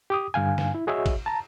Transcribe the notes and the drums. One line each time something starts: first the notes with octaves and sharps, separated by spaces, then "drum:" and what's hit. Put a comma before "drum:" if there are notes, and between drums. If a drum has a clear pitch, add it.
G4 D6 D#6
G2 D3 F5 G#5
drum: snare
E4
F#4 G#4 C#5 D#5 E5
drum: kick A1, cymbal
A5 A#5